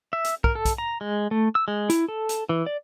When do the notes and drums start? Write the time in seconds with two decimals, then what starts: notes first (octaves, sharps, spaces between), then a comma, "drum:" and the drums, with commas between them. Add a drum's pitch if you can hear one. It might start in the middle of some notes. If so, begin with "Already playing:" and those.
0.13 E5
0.24 drum: hi-hat
0.44 A#4, drum: kick
0.55 A4
0.65 drum: kick, hi-hat
0.78 A#5
1.01 G#3
1.31 A3
1.55 E6
1.68 G#3
1.90 E4, drum: hi-hat
2.08 A4
2.29 drum: hi-hat
2.49 E3
2.66 D5